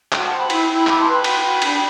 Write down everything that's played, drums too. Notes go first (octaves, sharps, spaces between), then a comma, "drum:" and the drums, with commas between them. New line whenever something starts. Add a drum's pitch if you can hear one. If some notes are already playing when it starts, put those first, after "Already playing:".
F#4 E5 G5, drum: clap
F#5 A5
C5
G5 B5
E4, drum: cymbal
E4
E4 B5 D6, drum: clap
A5 C6
B4
G5 B5
F#4, drum: cymbal
F#4
D4, drum: cymbal